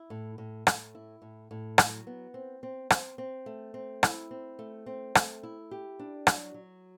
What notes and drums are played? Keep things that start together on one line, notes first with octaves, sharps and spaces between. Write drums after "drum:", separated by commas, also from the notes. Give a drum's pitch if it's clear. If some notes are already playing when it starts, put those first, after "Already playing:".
Already playing: E4
A2
A2
A2, drum: rim click
E4
A2
A2
F#3, drum: rim click
B3
C4
C4
C4, drum: rim click
C4
A3
C4
E4, drum: rim click
C4
A3
C4
A3, drum: rim click
E4
G4
D4
F#3, drum: rim click
F#3